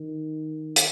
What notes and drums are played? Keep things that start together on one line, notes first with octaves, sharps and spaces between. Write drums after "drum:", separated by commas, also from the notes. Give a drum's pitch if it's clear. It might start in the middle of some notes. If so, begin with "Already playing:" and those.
Already playing: D#3
drum: hi-hat